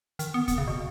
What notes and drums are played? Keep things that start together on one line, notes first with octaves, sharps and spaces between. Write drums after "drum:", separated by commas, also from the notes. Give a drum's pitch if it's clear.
D#3, drum: hi-hat
B3
B3, drum: kick, hi-hat
C#3
B2